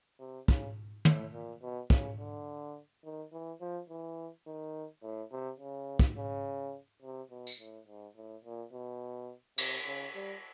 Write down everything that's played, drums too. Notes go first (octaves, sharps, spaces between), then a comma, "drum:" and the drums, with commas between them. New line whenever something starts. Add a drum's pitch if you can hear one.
C3
C#3, drum: kick
A2, drum: tom
A#2
B2
C#3, drum: kick
D3
D#3
E3
F3
E3
D#3
A2
C3
C#3
drum: kick
C#3
C3
B2
drum: tambourine
A2
G#2
A2
A#2
B2
C3, drum: cymbal
C#3
G3